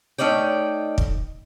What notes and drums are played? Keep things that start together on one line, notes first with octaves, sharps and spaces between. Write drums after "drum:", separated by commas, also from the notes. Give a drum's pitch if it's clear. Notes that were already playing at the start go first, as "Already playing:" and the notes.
A3 C#4 D#4 D5 G5
drum: kick